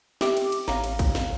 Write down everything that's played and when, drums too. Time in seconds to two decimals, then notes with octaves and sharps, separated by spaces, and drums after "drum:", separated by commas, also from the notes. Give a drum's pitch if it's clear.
0.21 G4 E5 D6, drum: snare
0.37 drum: cymbal
0.52 drum: cymbal
0.68 A1 C#5 F5 A#5, drum: snare
0.84 drum: cymbal
0.99 drum: kick, cymbal
1.15 drum: snare